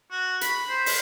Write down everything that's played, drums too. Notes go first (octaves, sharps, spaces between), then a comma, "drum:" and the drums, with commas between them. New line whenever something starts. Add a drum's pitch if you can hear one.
F#4
B5, drum: hi-hat
C5
drum: open hi-hat